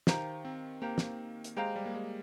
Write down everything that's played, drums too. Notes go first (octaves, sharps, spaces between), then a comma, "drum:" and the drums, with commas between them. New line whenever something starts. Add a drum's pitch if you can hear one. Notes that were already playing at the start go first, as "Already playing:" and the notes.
D#3 G4 C5 F5 A#5, drum: snare
C4
A#3 G4 C5 F5 A#5
drum: snare
drum: hi-hat
G#3 G4 C5 F5 A#5
G3
A#3
G#3